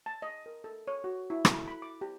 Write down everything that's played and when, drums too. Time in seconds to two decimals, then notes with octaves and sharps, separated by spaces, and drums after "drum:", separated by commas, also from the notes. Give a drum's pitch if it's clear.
0.06 A5
0.22 D#5
0.46 A#4
0.64 A4
0.87 C#5
1.04 F#4
1.30 E4
1.45 A4, drum: rim click
1.68 B5
1.82 D6
2.01 G4